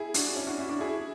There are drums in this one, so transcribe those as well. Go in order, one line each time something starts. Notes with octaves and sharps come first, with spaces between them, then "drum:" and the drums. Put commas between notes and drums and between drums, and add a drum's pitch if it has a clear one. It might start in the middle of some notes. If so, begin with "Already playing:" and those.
Already playing: E4 G#4
D4 F#4, drum: hi-hat
C#4 E4
D4 F#4
C#4 E4
D4 F#4
E4 G#4